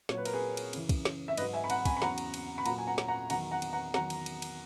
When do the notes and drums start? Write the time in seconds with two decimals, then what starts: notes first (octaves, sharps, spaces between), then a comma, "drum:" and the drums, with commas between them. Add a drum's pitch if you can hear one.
0.09 A#2 F#3 C#5, drum: snare
0.17 B4
0.25 A#4, drum: cymbal
0.33 G#4 B4
0.57 drum: cymbal
0.73 F#2 C#3 E3, drum: cymbal
0.89 drum: kick, cymbal
1.05 drum: snare
1.28 E5
1.37 G#2 F#3 B4 D#5, drum: cymbal
1.53 E5 G#5
1.64 B5
1.70 F#5 A#5, drum: cymbal
1.85 G#5 B5, drum: kick, cymbal
1.97 B5
2.02 E2 C#3 F#3 F#5 A#5, drum: snare
2.18 drum: cymbal
2.34 drum: cymbal
2.58 B5
2.66 A#2 F#3 F#5 A#5, drum: cymbal
2.78 G#5
2.87 F#5 A#5
2.98 drum: snare
3.08 F#5 A#5
3.30 E2 D#3 F#3 F#5 A#5, drum: cymbal
3.51 F#5 A#5
3.62 drum: cymbal
3.73 F#5 A#5
3.94 E2 D#3 F#3 F#5 A#5, drum: snare
4.10 drum: cymbal
4.26 drum: cymbal
4.42 drum: cymbal